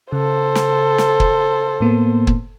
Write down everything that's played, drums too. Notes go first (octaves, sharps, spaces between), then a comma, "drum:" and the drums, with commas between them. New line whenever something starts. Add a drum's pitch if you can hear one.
C#3 A4 C5
drum: snare
drum: snare
drum: kick
A2 A#3 B3
drum: kick